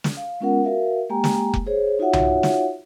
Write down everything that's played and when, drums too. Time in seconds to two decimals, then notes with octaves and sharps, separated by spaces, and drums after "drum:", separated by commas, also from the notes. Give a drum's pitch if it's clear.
0.04 drum: snare
0.17 F5
0.40 G#3 B3 C#4 F4 A#4 F#5
0.64 F#4 A#4 E5 F5
1.09 G#3 A#3 G4 G5 G#5 A#5
1.24 drum: snare
1.54 drum: kick F1
1.67 G#4 C5 C#5
1.99 D#4 F4 F#4 C#5 E5 F#5
2.13 drum: tom C2
2.43 drum: snare